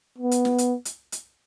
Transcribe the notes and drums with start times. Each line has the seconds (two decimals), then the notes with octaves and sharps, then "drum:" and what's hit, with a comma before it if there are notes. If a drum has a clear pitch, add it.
0.18 B3
0.31 drum: hi-hat
0.45 drum: snare
0.58 drum: hi-hat
0.85 drum: hi-hat
1.12 drum: hi-hat